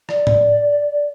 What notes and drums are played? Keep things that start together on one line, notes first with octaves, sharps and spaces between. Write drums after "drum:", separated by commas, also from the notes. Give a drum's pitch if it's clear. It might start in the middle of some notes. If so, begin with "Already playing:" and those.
D5, drum: rim click
drum: tom A2